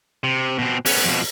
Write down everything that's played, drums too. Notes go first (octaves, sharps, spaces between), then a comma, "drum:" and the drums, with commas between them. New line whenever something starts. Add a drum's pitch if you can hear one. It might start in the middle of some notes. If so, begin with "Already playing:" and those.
C3
B2 C4
B3 C#4, drum: open hi-hat
F2 B2